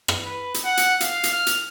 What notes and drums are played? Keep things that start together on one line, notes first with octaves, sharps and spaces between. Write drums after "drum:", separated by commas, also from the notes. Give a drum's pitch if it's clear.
drum: rim click
B4
drum: hi-hat
F#5
drum: hi-hat
F5, drum: hi-hat
drum: hi-hat
F6
drum: hi-hat